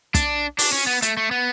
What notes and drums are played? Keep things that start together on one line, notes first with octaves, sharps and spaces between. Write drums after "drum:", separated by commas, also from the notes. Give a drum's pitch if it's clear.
D4, drum: kick, hi-hat
D4, drum: open hi-hat
C#4
B3
A3, drum: hi-hat
A3
B3